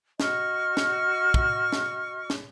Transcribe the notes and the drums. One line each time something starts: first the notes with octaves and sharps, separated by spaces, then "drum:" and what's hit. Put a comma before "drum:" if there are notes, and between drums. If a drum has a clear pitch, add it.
F#4 D#5 C#6 F6, drum: snare
drum: snare
drum: kick
drum: snare
drum: snare